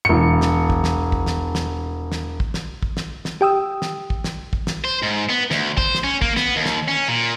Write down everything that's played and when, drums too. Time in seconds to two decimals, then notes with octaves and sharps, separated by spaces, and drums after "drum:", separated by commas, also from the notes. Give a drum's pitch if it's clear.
0.05 E1 C#7
0.41 drum: snare
0.70 drum: kick
0.84 drum: snare
1.12 drum: kick
1.26 drum: snare
1.55 drum: snare
2.12 drum: snare
2.40 drum: kick
2.54 drum: snare
2.83 drum: kick
2.97 drum: snare
3.25 drum: snare
3.41 G4 G5 D#6 E6
3.82 drum: snare
4.10 drum: kick
4.24 drum: snare
4.53 drum: kick
4.67 drum: snare
4.84 C5
5.03 G#2
5.29 B3
5.51 D2, drum: snare
5.78 C5, drum: kick
5.95 drum: snare
6.04 C#4
6.22 A#3, drum: kick
6.36 B3, drum: snare
6.56 D#2
6.66 drum: snare
6.88 C#4
7.08 A#2